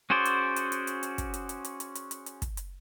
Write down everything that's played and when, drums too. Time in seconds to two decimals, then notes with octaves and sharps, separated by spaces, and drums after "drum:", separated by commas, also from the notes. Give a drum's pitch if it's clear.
0.10 C#4 F#4 G#4 C5 D5
0.25 drum: hi-hat
0.56 drum: hi-hat
0.72 drum: hi-hat
0.87 drum: hi-hat
1.03 drum: hi-hat
1.18 drum: kick, hi-hat
1.34 drum: hi-hat
1.49 drum: hi-hat
1.65 drum: hi-hat
1.80 drum: hi-hat
1.95 drum: hi-hat
2.11 drum: hi-hat
2.26 drum: hi-hat
2.42 drum: kick, hi-hat
2.57 drum: hi-hat